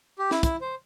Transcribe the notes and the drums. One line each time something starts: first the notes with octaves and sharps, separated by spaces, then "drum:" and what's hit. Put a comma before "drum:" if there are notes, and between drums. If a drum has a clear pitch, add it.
G4
E4, drum: snare
E4, drum: kick, hi-hat
C5